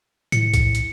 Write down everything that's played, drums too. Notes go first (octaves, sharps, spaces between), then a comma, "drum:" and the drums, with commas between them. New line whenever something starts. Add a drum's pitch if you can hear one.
A2 C#7, drum: hi-hat
drum: kick B1, hi-hat
drum: hi-hat